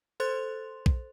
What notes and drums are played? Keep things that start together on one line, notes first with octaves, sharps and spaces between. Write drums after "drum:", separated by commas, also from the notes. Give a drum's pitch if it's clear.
A4 C5 C6 F#6 A6 F7
drum: kick